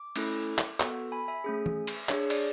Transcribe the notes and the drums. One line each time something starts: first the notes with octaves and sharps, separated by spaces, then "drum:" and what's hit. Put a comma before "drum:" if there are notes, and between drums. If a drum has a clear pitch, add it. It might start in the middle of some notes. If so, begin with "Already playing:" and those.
Already playing: D6
A3 C#4 E4 A4, drum: cymbal
drum: clap
B3 F#4 A4, drum: clap
G#5 B5
E5 G#5
A3 C#4 G#4
drum: tom E3
drum: cymbal
D4 G#4 C#5, drum: clap
D5, drum: cymbal